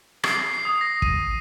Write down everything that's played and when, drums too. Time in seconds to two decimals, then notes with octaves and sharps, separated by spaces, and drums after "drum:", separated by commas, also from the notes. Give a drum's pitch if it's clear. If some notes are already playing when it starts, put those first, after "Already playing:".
0.24 C7, drum: rim click
0.54 C7
0.65 D#6
0.81 A#6
1.02 D#7, drum: kick